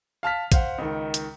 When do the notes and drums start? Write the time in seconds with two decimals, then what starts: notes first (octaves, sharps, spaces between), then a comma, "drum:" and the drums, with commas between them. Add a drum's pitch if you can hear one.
0.23 F5 A5 F6 B6
0.52 C5 F5 F#5, drum: kick A#1, hi-hat
0.78 C#2 D#3
1.14 drum: hi-hat